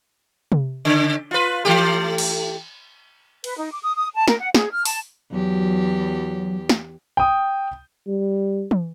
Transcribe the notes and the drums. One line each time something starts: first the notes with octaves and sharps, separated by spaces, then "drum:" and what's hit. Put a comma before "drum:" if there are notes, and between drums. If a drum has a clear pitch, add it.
drum: tom C3
C#3
F4 B4
E3 A3 G4
drum: cymbal
B4, drum: cymbal
D#4
D6
D#6
D#6
A5
A#4, drum: snare
F#5
G#4, drum: snare
F6
A5, drum: open hi-hat
E2 F#3 G4
drum: snare
G5 D#6
G3
drum: tom E3